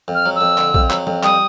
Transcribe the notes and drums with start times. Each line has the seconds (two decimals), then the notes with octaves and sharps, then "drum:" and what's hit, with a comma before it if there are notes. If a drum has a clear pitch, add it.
0.08 F2
0.14 F6
0.26 F#3
0.35 E6
0.41 F2
0.58 D3, drum: clap
0.74 F2, drum: kick A#1
0.90 F#3, drum: clap
1.07 F2, drum: tom F3
1.23 G3 D#6, drum: clap